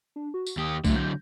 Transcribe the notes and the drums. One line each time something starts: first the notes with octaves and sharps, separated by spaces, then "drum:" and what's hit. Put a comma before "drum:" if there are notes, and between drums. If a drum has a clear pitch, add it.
D4
F#4
drum: tambourine
D#2 G4 D#6
D3 F#3 A3, drum: kick B1, tambourine
G6